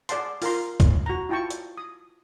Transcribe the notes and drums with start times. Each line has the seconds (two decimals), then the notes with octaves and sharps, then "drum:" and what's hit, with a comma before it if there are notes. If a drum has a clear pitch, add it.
0.09 G#4 D5 F#5 A5 C6, drum: hi-hat
0.42 F4 A#4 A#5 C6, drum: open hi-hat
0.80 drum: kick, hi-hat
1.06 F#4 A#5
1.29 E4 F4 G5 A5 C#6
1.50 drum: hi-hat
1.77 D#6